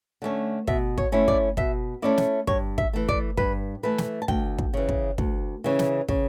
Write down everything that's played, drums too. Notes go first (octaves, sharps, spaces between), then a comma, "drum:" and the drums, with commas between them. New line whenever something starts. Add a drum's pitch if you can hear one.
D3 A3 C#4
B2 E5, drum: kick
C#5, drum: kick
A3 C#4 E4
D5, drum: kick
B2 E5, drum: kick
A3 C#4 E4 D5
drum: snare
G2 C#5, drum: kick
E5, drum: kick
E3 A3
D5, drum: kick
G2 B4, drum: kick
E3 A3 B4
drum: snare
A5
D2 G5, drum: kick
drum: kick
C#3 E3
drum: kick
D2, drum: kick
C#3 E3
drum: snare
C#3, drum: kick